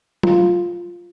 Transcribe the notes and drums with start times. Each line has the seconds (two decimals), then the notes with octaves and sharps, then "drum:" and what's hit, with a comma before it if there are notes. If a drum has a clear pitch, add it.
0.23 F4, drum: tom